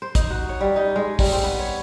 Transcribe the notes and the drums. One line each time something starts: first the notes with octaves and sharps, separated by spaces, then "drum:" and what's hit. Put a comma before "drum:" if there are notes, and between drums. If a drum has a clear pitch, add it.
C5
D#4, drum: kick, hi-hat
F#4
C#5
G3
D#4
G#3
G3, drum: kick, open hi-hat
C4
B3
C#5